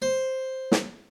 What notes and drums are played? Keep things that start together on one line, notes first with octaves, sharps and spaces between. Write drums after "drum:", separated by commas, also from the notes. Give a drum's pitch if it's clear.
C5
drum: snare